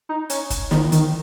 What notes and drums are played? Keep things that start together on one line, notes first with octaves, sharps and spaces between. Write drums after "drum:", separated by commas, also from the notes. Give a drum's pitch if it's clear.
D#4
C#4, drum: hi-hat
drum: kick, hi-hat
D#3, drum: snare
D#3, drum: hi-hat